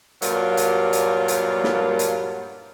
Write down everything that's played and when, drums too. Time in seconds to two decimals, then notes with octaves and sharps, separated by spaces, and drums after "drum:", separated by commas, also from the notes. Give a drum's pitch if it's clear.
0.22 G2 A#2 F#3 A#3 F4, drum: hi-hat
0.57 drum: hi-hat
0.93 drum: hi-hat
1.28 drum: hi-hat
1.64 drum: snare
1.99 drum: hi-hat